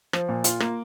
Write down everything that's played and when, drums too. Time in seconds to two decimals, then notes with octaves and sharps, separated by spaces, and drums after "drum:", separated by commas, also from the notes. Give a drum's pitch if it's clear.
0.13 F3, drum: rim click
0.29 A#2
0.44 F4, drum: hi-hat
0.60 A#3, drum: rim click